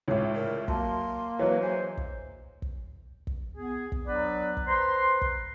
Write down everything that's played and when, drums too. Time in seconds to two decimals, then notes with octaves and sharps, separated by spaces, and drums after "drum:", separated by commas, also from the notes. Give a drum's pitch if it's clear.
0.08 C#2 A2 C#5 C6 D6
0.35 A#4 D5
0.68 F#3 A#3 E5 A5 C6, drum: kick
1.39 E3 F#3 B4 C#5 D#5
1.61 D4 G#4 C5 G#5
1.97 drum: kick
2.62 drum: kick
3.27 drum: kick
3.56 B3 G#4
3.92 drum: kick
4.06 F#3 B3 D4 B4 D5
4.57 drum: kick
4.67 B4 C5 A#5 C6
5.21 drum: kick